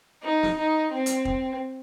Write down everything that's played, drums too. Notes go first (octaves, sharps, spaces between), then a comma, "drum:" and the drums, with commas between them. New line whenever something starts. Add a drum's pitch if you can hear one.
D#4
drum: snare
D#4
C4
drum: hi-hat
drum: kick